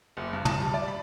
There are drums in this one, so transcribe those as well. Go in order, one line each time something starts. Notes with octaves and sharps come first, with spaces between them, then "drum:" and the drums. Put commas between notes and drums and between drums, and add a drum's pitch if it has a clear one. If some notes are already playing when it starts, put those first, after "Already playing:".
F#1
G2
A5, drum: tom
G3
D5
B5